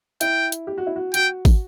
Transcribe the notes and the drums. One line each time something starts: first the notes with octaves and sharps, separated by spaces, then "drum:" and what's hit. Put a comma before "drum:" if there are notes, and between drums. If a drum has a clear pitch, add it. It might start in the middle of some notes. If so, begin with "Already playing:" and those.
E4 G5, drum: hi-hat
drum: hi-hat
G4
F#4
E4
F#4
F#4 G5, drum: hi-hat
drum: kick, open hi-hat